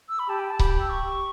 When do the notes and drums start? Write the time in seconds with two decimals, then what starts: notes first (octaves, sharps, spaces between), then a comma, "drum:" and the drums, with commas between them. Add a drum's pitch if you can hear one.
0.09 E6
0.19 B5
0.28 G4 A5
0.39 G5
0.50 A5
0.59 G4 B5, drum: kick C#1
0.80 E6
0.90 C#6